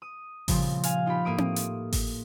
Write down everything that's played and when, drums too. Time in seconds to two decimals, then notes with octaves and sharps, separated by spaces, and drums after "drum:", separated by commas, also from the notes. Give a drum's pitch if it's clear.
0.02 D#6
0.48 A#2 C#3 F3 G3 C4, drum: kick G#1, open hi-hat
0.84 F5 G#5, drum: hi-hat
1.06 D#4 F4 G4 B5
1.25 A2 A#3 D#6 D7
1.38 drum: tom C4
1.56 drum: hi-hat
1.92 drum: kick G#1, open hi-hat